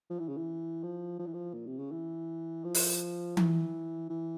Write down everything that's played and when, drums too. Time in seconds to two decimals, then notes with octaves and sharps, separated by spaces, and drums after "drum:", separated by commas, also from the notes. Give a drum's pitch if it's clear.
0.10 F3
0.19 E3
0.29 C#3
0.37 E3
0.83 F3
1.19 F3
1.26 E3
1.34 F3
1.53 A#2
1.67 C3
1.79 C#3
1.92 E3
2.64 F3
2.74 drum: open hi-hat
3.37 E3, drum: tom E3
4.10 E3